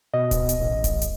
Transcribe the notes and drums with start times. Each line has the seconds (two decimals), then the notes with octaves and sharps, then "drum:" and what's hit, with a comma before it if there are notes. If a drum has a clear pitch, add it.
0.14 B2 D#5
0.31 drum: kick D1, hi-hat
0.49 drum: hi-hat
0.60 A1
0.84 drum: kick D1, hi-hat
1.02 drum: hi-hat